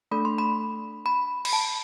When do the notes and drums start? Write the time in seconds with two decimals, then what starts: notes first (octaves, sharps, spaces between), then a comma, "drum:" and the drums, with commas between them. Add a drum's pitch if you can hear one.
0.11 A3 D4 A4 B5
0.25 C6
0.38 B5
1.06 B5
1.45 B5, drum: cymbal
1.53 A5